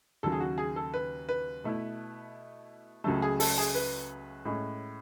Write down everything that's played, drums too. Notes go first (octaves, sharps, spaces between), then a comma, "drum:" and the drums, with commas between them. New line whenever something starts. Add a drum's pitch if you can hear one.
D#2 C#3 F#3 A4
G#4
F#4
G#4
A4
B4
B4
B2 A3 E4
C#2 C#3 F#3 A3 A4
G#4
A4, drum: open hi-hat
G#4
B4
A2 G#3 C#4